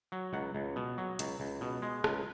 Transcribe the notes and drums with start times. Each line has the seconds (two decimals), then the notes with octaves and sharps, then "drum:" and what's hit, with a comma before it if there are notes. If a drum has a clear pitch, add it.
0.12 F#3
0.33 C#2 F#5
0.55 C#2
0.76 B2
0.98 F#3
1.19 C#2, drum: hi-hat
1.40 C#2
1.61 B2
1.82 G#3
2.04 C#2, drum: rim click